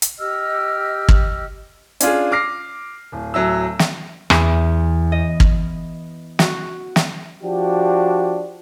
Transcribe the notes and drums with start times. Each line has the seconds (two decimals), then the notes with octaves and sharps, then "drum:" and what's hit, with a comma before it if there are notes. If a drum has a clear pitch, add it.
0.02 drum: hi-hat
0.20 G4 D#5 E6 F6
1.09 drum: kick
2.00 C#4 D4 F4 G#4, drum: hi-hat
2.32 D6 F6 A#6 C7
3.12 D1
3.34 D1 F#3 E5 E6
3.79 drum: snare
4.30 E2, drum: rim click
5.12 D#5
5.40 drum: kick
6.39 F#4, drum: snare
6.96 drum: snare
7.43 F3 D4 F#4 G4